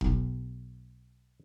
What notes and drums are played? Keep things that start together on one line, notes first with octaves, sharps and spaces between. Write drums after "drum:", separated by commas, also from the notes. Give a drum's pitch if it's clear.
B1, drum: kick F1